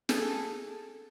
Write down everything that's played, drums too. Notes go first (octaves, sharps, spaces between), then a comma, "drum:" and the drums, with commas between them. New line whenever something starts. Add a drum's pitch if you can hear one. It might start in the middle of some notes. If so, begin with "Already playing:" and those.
G#4 A4, drum: snare